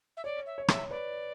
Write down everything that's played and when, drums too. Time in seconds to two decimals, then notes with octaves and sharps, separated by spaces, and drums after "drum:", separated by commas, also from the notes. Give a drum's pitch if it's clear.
0.17 E5
0.24 C#5 D5
0.46 E5
0.58 C#5
0.68 E5, drum: rim click
0.90 B4 D5